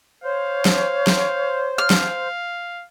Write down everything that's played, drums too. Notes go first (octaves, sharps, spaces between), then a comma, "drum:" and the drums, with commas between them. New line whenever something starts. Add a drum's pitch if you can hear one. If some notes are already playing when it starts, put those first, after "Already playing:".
C5 C#5 F5
drum: snare
drum: snare
F5 F6
drum: snare